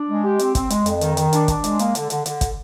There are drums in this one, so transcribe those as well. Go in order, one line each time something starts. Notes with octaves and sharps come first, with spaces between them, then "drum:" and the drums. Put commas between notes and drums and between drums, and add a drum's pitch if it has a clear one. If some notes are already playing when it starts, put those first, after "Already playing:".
Already playing: D4
G#3
G4
C4, drum: hi-hat
C4, drum: kick, hi-hat
G#3, drum: hi-hat
F2, drum: hi-hat
D#3, drum: hi-hat
D#3, drum: hi-hat
D4, drum: hi-hat
D4, drum: kick, hi-hat
G#3, drum: hi-hat
A#3, drum: hi-hat
D3, drum: hi-hat
D3, drum: hi-hat
D3, drum: hi-hat
drum: kick, hi-hat